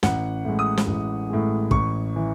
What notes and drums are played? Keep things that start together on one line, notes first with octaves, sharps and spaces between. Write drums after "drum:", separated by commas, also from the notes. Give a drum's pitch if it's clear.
A1 F#5, drum: snare
A2 G#3
D#6
drum: snare
A1
A2 G#3
A1 C#6, drum: kick
E3